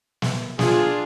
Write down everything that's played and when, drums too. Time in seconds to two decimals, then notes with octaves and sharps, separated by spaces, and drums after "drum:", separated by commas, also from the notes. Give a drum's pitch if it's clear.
0.22 drum: snare
0.59 D4 F4 G#4, drum: snare